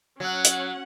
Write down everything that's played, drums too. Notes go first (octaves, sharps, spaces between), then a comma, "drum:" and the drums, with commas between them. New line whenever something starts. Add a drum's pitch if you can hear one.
F#3 C#4 F#5
drum: hi-hat